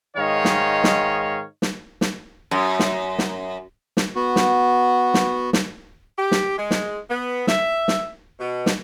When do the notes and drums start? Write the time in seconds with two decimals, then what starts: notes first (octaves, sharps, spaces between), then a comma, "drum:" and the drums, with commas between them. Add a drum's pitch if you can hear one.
0.17 G#2 D#3 C#5 D#5 F5
0.45 drum: snare
0.84 drum: snare
1.62 drum: snare
2.01 drum: snare
2.51 F#2
2.79 drum: snare
3.19 drum: snare
3.97 drum: snare
4.15 B3 F#4
4.36 drum: snare
5.14 drum: snare
5.53 drum: snare
6.18 G4
6.31 drum: snare
6.58 G#3
6.71 drum: snare
7.10 B3
7.47 E5, drum: snare
7.88 drum: snare
8.40 B2
8.66 drum: snare